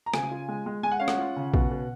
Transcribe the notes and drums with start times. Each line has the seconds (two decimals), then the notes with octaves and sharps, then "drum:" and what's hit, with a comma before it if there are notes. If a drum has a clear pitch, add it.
0.06 A#5
0.14 C#3 G#5, drum: rim click
0.31 F4
0.48 G#3
0.66 G#3
0.83 G#3 G#5
0.92 F#5
1.00 C#4 F5
1.08 F#5, drum: rim click
1.19 F4
1.36 C#3
1.54 B2, drum: kick A#1
1.71 B2